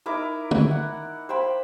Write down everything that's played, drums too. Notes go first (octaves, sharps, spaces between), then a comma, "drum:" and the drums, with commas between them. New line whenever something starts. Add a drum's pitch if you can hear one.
D#4 E4 A#4 D6
drum: tom
F#5
C5 F5 G5 B5